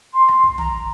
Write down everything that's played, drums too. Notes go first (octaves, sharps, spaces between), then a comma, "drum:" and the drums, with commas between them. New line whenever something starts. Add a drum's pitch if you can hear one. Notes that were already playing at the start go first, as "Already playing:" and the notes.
C6
drum: rim click
drum: kick
A#5, drum: tom